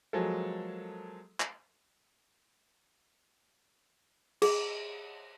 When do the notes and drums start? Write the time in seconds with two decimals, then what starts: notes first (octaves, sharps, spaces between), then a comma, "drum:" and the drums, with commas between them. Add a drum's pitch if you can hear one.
0.13 F3 F#3 G#3 A#3 G#4 A4
1.40 drum: clap
4.42 G#4, drum: cymbal